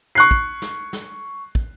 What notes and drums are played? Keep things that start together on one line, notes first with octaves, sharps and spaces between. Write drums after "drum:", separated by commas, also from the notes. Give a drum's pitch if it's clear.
C#6 F#6 C7
drum: kick
drum: snare
drum: snare
drum: kick